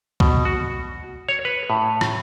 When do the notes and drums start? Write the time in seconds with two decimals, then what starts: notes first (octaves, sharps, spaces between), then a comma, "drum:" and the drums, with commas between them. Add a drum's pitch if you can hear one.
0.20 B2, drum: kick B1
0.45 F#4
1.29 C#5
1.45 B4
1.70 A2
2.01 drum: rim click